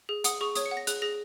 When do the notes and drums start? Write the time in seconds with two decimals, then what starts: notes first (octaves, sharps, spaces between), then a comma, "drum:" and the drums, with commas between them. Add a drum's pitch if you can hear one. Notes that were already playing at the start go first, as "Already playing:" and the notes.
0.09 G#4
0.24 F#5 D#6, drum: hi-hat
0.41 G#4 C#6
0.55 C#5 D#6, drum: hi-hat
0.66 C#7
0.71 F#5
0.77 A#6
0.87 G#4 F#6, drum: hi-hat
1.02 G#4 A#6